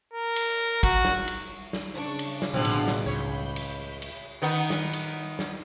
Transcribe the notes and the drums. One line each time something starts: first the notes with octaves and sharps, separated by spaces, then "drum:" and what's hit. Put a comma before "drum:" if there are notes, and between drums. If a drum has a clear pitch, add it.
A#4
drum: cymbal
F#4, drum: kick, cymbal
drum: snare
drum: cymbal
drum: snare
C#3 D4 C#6
drum: cymbal
drum: snare
A1 B2 D3 F3 C4 F#6
drum: cymbal
drum: snare
C#2 C#5 B5 G6
drum: cymbal
drum: cymbal
D#3 B3 D#4
drum: snare
drum: cymbal
drum: snare